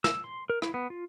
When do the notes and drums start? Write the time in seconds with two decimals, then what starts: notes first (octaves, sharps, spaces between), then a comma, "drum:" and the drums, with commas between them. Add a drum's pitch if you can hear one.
0.04 E6, drum: snare
0.24 C6
0.50 A#4
0.62 E4, drum: rim click
0.74 B3
0.90 F4